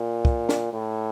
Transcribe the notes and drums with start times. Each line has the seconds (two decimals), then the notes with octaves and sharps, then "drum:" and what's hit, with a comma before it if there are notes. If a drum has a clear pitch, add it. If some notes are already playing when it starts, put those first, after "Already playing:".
Already playing: A#2
0.25 drum: kick
0.49 drum: snare
0.73 A2